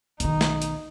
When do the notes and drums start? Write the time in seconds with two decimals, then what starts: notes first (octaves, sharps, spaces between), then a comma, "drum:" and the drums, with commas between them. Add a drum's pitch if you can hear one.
0.20 B1 D#3 D#4, drum: hi-hat
0.41 drum: snare
0.62 drum: hi-hat